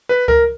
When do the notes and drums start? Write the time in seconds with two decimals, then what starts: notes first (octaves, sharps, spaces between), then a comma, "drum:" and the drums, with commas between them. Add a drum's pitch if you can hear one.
0.09 B4
0.28 A#4, drum: kick C#2